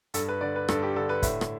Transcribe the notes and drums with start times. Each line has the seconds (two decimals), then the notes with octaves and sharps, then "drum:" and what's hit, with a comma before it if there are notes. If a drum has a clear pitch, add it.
0.14 G2 A4, drum: hi-hat
0.29 B4
0.41 D3 D5
0.56 B4
0.69 G2 A4, drum: rim click
0.83 G4
0.96 D3 A4
1.09 B4
1.23 A2 E5, drum: kick, hi-hat
1.41 drum: rim click